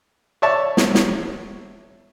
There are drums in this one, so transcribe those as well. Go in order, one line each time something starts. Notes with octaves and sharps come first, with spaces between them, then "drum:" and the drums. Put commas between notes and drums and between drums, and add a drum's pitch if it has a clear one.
C#5 D5 E5 A5 C#6
drum: snare
drum: snare